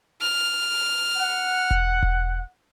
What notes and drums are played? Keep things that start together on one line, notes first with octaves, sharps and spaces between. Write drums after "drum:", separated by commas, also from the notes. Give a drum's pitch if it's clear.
F6
F#5
drum: kick E1
drum: kick E1